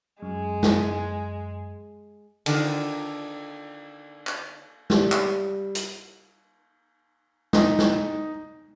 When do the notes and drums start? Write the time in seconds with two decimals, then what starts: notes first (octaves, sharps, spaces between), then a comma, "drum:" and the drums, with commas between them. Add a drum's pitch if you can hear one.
0.22 F#2 G#3
0.63 drum: snare
2.46 D3 D#3, drum: cymbal
4.27 drum: clap
4.90 G3, drum: snare
5.12 drum: clap
5.75 drum: hi-hat
7.53 D#4, drum: snare
7.79 drum: snare